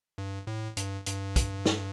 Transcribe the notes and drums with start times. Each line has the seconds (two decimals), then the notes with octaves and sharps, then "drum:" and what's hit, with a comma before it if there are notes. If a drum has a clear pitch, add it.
0.18 G2
0.47 A2
0.77 G2, drum: hi-hat
1.06 G2, drum: hi-hat
1.36 drum: kick, hi-hat
1.65 drum: snare